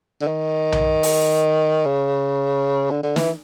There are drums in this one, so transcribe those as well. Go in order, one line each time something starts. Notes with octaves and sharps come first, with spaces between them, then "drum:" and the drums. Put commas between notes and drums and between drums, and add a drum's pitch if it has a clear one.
D3
D#3
drum: tom B1
drum: open hi-hat
C#3
D3
D3
E3, drum: snare